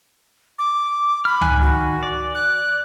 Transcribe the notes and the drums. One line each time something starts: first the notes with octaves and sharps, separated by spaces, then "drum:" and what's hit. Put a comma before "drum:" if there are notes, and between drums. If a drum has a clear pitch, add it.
D6
B5 F6
D#3 G#5 F#6, drum: tom C#2
F#4
D5
F#6